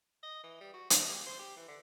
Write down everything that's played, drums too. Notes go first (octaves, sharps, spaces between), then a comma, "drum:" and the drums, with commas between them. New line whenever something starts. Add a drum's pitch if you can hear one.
D#5
E3
G3
F#4
D4, drum: hi-hat
G4
C5
G4
E3
D3